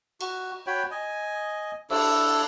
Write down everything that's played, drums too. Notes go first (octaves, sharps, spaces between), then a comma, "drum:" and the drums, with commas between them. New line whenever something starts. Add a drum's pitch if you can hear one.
F#4, drum: cymbal
F#4 C#5 G5 B5
D#5 G#5
D4 E4 A4, drum: cymbal